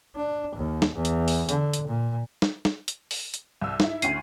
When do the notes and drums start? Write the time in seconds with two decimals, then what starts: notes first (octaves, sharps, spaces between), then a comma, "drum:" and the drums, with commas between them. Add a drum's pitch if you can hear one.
0.16 D4
0.56 D#2
0.82 drum: snare
0.96 E2
1.05 drum: hi-hat
1.28 drum: open hi-hat
1.49 D3, drum: hi-hat
1.73 drum: hi-hat
1.88 A#2
2.42 drum: snare
2.65 drum: snare
2.88 drum: hi-hat
3.11 drum: open hi-hat
3.34 drum: hi-hat
3.61 C2 E6
3.80 D#4 E4 E5, drum: snare
4.02 D2 C#4 C7 D#7, drum: hi-hat